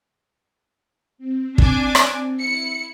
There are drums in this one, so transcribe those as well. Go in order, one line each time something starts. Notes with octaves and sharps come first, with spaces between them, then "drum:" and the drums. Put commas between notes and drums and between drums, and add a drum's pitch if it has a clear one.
C4
D4 G#5 D6, drum: kick
drum: rim click
E4 C#7